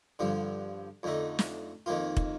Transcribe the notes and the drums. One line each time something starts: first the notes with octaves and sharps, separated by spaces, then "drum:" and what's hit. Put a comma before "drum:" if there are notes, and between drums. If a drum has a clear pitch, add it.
G2 D3 F3
F2 D3 A3 D#4
drum: snare
F2 D#3 A#3 F4
drum: kick